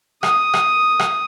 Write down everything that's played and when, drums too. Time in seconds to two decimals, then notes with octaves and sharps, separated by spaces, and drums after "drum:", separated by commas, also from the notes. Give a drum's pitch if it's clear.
0.23 D#6, drum: rim click
0.54 drum: rim click
0.99 drum: rim click